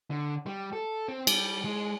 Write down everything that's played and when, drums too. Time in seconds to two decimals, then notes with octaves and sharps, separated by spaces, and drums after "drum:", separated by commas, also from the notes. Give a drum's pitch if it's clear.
0.11 D3
0.46 G3
0.73 A4
1.08 C4
1.27 G3, drum: cymbal
1.65 G#3